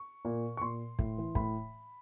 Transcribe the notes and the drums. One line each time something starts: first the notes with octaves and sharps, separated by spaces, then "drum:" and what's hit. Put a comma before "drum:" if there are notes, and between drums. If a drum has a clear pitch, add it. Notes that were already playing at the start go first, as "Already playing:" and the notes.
Already playing: C#6
A#2
C#6
A#2 C6
A2, drum: kick
E3
A2 B5, drum: kick